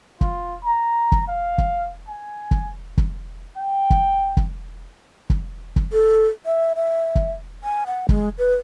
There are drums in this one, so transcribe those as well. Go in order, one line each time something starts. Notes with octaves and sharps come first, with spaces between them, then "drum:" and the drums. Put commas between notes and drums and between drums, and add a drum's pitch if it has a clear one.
F4, drum: kick
A#5
drum: kick
F5
drum: kick
G#5
drum: kick
drum: kick
G5
drum: kick
drum: kick
drum: kick
drum: kick
A4
E5
E5
drum: kick
G#5
F#5
G#3, drum: kick
B4